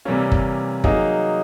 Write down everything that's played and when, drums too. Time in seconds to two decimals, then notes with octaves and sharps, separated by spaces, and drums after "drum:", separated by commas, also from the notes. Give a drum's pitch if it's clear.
0.05 C3 E3 G3 A#3 C#4
0.31 drum: kick F#1
0.84 F#3 A#3 D#4 G#4, drum: kick F#1